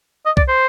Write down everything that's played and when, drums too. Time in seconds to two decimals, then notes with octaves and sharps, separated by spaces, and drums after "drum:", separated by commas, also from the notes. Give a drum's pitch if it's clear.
0.26 D#5
0.37 D5, drum: kick C2
0.48 C5